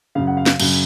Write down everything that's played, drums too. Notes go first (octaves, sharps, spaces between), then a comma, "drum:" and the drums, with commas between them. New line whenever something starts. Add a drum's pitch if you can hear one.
F#2 C#3 F5
F#5
F5
drum: snare
F#2 C#3, drum: cymbal